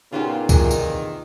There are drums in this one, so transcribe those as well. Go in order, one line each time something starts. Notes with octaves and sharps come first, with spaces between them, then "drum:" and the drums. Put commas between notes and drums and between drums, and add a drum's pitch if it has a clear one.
A#2 C#3 F#3 B3 C#4 D#4 F4 G4
C3 D#3 E3 F4 G#4, drum: kick C2, tambourine
drum: tambourine